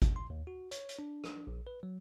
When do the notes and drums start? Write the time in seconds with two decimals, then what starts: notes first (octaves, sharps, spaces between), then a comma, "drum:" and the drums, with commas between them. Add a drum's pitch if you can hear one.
0.02 drum: kick G#1, hi-hat
0.16 C6
0.30 D#2
0.47 F#4
0.71 C#5, drum: hi-hat
0.89 drum: hi-hat
0.99 D4
1.24 drum: rim click
1.47 A#1
1.67 B4
1.83 F#3